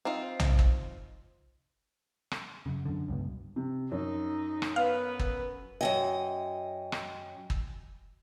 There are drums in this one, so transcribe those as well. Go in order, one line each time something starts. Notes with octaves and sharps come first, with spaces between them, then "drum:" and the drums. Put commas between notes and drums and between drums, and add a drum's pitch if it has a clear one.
C4 D#4 F4
drum: tom B1
drum: kick
drum: rim click
F#2 C#3
F#2 D3
C#2 G2 B2
C3
F#2 D#4
drum: rim click
B3 B4 F5
drum: kick
F#2 D#3 D#5 G5 G#5
drum: rim click
drum: kick